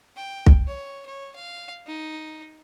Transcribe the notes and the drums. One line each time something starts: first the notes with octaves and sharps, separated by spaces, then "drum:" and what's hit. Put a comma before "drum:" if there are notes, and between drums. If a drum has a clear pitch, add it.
G5
drum: kick
C#5
C#5
F5
D#4